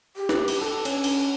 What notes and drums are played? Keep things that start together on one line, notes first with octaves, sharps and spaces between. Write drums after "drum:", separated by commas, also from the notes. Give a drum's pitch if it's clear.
G4
drum: snare
drum: cymbal
D4 A4
C#4, drum: cymbal
drum: cymbal